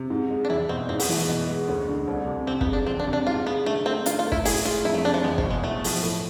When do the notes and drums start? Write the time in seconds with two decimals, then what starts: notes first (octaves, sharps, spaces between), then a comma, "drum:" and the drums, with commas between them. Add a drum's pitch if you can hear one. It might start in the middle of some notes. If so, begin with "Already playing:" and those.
Already playing: C3
0.10 G#2
0.30 G#3
0.45 D4
0.49 E2 E4
0.69 B2 C4
0.89 G#2 C4
1.00 B3, drum: open hi-hat
1.08 E3 A3
1.21 B3
1.28 B2
1.49 G#3
1.69 D2
1.88 D3
2.07 C2
2.27 C3
2.47 C3 C4
2.61 B3, drum: kick
2.67 G#3
2.73 D4
2.86 E2 C4
3.00 D4
3.07 C3
3.13 D4
3.26 G#2 F4
3.46 G#3 B3
3.66 D3 A3
3.86 A3 C4
4.06 D3 F4, drum: hi-hat
4.19 F4
4.26 A3
4.32 E4, drum: kick
4.45 A2 G#4, drum: open hi-hat
4.64 G#3 F4
4.84 F2 E4
4.94 A3
5.04 C3 D4
5.14 F3
5.24 E2 G#3
5.38 F3, drum: kick
5.44 B2
5.51 G#3
5.64 A2 A3
5.84 F3, drum: open hi-hat
6.03 A2